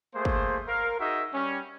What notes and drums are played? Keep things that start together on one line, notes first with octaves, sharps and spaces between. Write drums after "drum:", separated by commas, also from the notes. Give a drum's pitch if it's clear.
A3 A#3 G#4 C5
drum: kick
A#4 F5
D#4 F#4 G#4 A#4 D#5 E5
G3 C#4